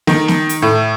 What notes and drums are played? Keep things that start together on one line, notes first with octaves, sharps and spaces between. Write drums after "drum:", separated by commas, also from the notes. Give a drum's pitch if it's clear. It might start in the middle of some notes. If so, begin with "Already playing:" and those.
D#3, drum: snare
drum: snare
drum: hi-hat
A2